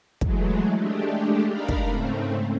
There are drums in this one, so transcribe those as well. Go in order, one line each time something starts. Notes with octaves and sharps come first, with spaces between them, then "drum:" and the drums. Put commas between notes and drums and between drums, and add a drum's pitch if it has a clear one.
E3 F#3 G#3 A3, drum: kick
G#3 A3 D4 G4
D4 D#4 A#4 F5 A#5 B5
drum: kick
G#2 C#3 A3 C4